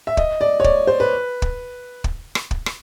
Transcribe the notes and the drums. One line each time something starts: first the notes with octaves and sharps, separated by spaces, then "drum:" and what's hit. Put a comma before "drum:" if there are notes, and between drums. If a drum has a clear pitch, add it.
E5
D#5, drum: kick
D5
C#5
D5, drum: kick
C5
B4
drum: kick
drum: kick
drum: rim click
drum: kick
drum: rim click